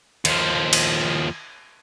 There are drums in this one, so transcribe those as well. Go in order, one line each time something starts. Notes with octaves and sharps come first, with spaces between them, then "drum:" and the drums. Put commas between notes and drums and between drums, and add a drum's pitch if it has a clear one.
D#2 F3, drum: cymbal
drum: cymbal